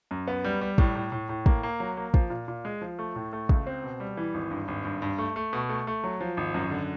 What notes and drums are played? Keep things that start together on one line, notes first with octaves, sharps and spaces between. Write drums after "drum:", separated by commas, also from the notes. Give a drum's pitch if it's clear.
F#2
B3
G3
G3
A2, drum: kick
A2
A2
A2
A#3, drum: kick
A#3
F#3
A#3
F3, drum: kick
A#2
A#2
G#3
F3
A3
A2
A3
C#2, drum: kick
C4
B2
G3
E3
G#1
G2
G#1
G2
G2
A3
A3
B2
A3
A3
F#3
F3
G#1
F#2
D3